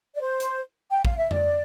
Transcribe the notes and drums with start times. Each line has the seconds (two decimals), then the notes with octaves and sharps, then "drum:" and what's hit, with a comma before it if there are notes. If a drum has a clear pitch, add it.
0.15 D5
0.21 C5
0.40 drum: hi-hat
0.91 G5
1.05 F5, drum: kick
1.18 E5
1.31 D5, drum: tom F2